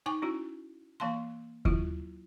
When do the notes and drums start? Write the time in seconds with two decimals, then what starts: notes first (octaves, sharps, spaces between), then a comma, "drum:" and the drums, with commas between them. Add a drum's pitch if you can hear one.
0.06 D#4 G5 G#5 C#6
0.22 C#4 E4 F#4
1.00 E3 A#3 F5 A5 C6
1.65 F#3 E4 F4, drum: kick D#2